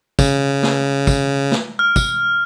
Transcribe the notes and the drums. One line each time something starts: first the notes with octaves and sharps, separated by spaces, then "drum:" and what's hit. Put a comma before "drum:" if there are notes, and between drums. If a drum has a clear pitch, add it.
C#3, drum: kick, tambourine
drum: snare
drum: kick, tambourine
drum: snare
F6
drum: kick, tambourine